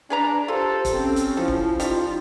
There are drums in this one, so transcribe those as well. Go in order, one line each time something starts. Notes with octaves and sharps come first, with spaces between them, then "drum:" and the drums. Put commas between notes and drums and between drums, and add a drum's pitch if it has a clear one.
D4 G#4 B4 A#5
F4 G4 A4 C5
drum: kick, hi-hat
C4 C#4
drum: hi-hat
F3 E4 A4
drum: kick
G3 D#4 F4, drum: hi-hat